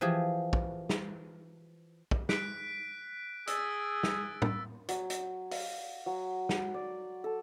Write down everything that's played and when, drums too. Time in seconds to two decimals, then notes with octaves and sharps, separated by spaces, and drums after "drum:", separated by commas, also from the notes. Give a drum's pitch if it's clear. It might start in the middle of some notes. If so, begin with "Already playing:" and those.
0.01 E3 F3 G4 G#4
0.53 drum: kick
0.89 drum: snare
2.11 drum: kick
2.29 F#6 B6 D7, drum: snare
3.47 G#4 E6 A6, drum: hi-hat
4.03 drum: snare
4.42 drum: tom A2
4.89 F#3, drum: hi-hat
5.10 drum: hi-hat
5.51 F5, drum: open hi-hat
6.06 F#3
6.49 drum: snare
6.74 D5
7.24 A4